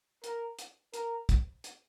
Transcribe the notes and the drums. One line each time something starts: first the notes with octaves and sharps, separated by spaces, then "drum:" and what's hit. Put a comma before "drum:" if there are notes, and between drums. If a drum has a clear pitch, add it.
A#4, drum: hi-hat
drum: hi-hat
A#4, drum: hi-hat
drum: kick, hi-hat
drum: hi-hat